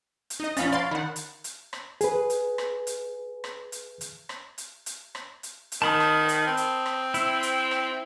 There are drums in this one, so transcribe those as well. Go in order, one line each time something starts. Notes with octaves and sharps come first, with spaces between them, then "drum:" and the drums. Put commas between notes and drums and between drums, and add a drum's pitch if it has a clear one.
drum: hi-hat
D#4 D#5
A#1 C#4 F5 B5 A6, drum: hi-hat
C#5 F5 B5 C6 A6 D7
D#3 F#5 B5
drum: hi-hat
drum: hi-hat
drum: rim click
G#4 B4, drum: hi-hat
drum: hi-hat
drum: rim click
drum: hi-hat
drum: rim click
drum: hi-hat
drum: hi-hat
drum: rim click
drum: hi-hat
drum: hi-hat
drum: rim click
drum: hi-hat
drum: hi-hat
D#3 A5 B5 D#6
drum: rim click
drum: hi-hat
C4
drum: hi-hat
drum: rim click
E4, drum: hi-hat
drum: hi-hat
drum: rim click